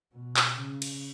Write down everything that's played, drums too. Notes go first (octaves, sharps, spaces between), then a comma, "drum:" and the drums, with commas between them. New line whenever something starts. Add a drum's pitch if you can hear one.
B2
drum: clap
C#3
drum: cymbal